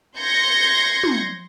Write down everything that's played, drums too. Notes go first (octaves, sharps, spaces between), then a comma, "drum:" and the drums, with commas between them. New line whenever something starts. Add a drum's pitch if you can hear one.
C6 G6 G#6 A#6 C#7
drum: tom